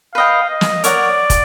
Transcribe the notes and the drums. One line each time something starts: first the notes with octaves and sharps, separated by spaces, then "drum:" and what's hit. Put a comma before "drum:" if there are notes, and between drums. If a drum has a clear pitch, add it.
B4 D#5 F5 G5
D#5
drum: snare
A#4 C#5 D5 F#5, drum: hi-hat
drum: kick, hi-hat